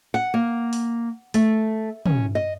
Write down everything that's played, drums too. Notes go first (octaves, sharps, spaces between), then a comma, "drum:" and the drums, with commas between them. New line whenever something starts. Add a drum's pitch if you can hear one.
F#5
A#3
drum: open hi-hat
A3, drum: open hi-hat
C#4, drum: tom
D#5